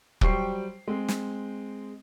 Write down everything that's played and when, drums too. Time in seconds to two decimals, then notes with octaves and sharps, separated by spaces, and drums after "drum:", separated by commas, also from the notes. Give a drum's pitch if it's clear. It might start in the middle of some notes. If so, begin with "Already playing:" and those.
0.21 F#3 G3 C5 G5 C#6 C7, drum: kick
0.88 G#3 C4
1.09 drum: snare